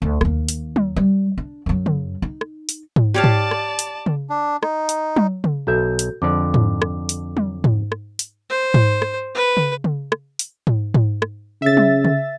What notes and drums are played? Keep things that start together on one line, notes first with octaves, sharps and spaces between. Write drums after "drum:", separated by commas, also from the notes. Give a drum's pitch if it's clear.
D2
D#2 A#3, drum: rim click
drum: hi-hat
drum: tom F#3
G3
D4
F#2 F#3
drum: tom C#3
D#4
drum: rim click
drum: hi-hat
drum: tom G#2
G4 C#5 D5 F5 A5
drum: tom G#2
drum: rim click
drum: hi-hat
drum: tom C#3
D4
D#4, drum: rim click
drum: hi-hat
drum: tom F#3
drum: tom C#3
B1 F#4 A4 E5 G6
drum: hi-hat
F2 D3 D5 D6
drum: tom G#2
drum: rim click
drum: hi-hat
drum: tom F#3
drum: tom G#2
drum: rim click
drum: hi-hat
C5
drum: tom G#2
drum: rim click
B4
drum: tom C#3
drum: tom C#3
drum: rim click
drum: hi-hat
drum: tom G#2
drum: tom G#2
drum: rim click
C#3 E5 A6
drum: tom F#3
drum: tom C#3